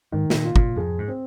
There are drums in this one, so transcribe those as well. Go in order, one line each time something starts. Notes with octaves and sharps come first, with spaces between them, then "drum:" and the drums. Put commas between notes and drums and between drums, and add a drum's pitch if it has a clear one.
G#2 D#3
C3, drum: snare
A#2
F4
A#2, drum: kick
F2 G#4
G#2
C4